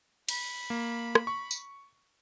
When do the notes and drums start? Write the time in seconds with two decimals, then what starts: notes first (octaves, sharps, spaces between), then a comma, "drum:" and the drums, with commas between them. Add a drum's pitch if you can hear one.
0.29 B5, drum: cymbal
0.70 A#3
1.15 drum: rim click
1.27 C#6
1.51 drum: tambourine